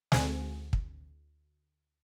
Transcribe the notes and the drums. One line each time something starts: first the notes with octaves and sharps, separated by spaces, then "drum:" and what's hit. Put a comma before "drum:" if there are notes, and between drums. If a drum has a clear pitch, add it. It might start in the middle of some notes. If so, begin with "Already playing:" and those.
D2 C4 G#5, drum: snare
drum: kick